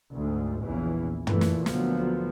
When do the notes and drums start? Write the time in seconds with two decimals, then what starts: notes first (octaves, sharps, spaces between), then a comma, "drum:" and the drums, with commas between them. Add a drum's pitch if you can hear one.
0.13 D2 G#2
0.64 A#1 E2 C#3 E3
1.27 A#2 E3 A3, drum: tom
1.41 drum: snare
1.66 D2 A#2 F3 F#3 B3, drum: snare